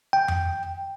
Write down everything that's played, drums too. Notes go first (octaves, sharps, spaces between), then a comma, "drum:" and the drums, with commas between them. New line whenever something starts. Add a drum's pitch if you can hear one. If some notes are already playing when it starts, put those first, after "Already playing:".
G5
drum: tom F2